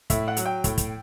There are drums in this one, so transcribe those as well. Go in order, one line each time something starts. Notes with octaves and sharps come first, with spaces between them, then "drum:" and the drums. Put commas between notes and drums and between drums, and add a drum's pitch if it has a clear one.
A2 E5, drum: kick, hi-hat
F#5
F#3, drum: hi-hat
G5
A2, drum: kick, hi-hat
drum: kick, hi-hat